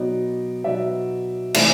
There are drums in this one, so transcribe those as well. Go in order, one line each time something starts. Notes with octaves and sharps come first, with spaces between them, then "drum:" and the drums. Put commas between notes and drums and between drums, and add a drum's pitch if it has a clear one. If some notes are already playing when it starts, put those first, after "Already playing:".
Already playing: B2 F#3 B3 D#4 D5
B2 F#3 B3 D#4 D5 E5
C3 E3 A3 D5 E5, drum: cymbal